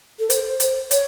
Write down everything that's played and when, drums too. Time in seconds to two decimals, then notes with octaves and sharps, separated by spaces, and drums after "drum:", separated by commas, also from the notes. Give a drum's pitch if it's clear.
0.19 A4
0.30 C5, drum: hi-hat
0.60 drum: hi-hat
0.91 C#5, drum: hi-hat